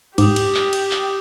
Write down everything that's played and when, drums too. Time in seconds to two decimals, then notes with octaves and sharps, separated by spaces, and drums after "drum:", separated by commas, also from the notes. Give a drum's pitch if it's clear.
0.18 G#2 G4 D6 D#6, drum: cymbal
0.36 drum: cymbal
0.55 drum: clap
0.73 drum: cymbal
0.91 drum: clap